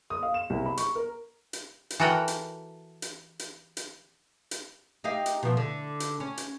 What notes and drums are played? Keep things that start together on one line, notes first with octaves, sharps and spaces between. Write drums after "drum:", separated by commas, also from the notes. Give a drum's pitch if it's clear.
D#6
F5
E7
C2
B5
C#6, drum: hi-hat
A#4
drum: hi-hat
drum: hi-hat
E3 F#4 A4 A#4 F#5 G5
drum: hi-hat
drum: hi-hat
drum: hi-hat
drum: hi-hat
drum: hi-hat
D#4 G4 F5
drum: hi-hat
B2 F3
D3
drum: hi-hat
C#4
drum: hi-hat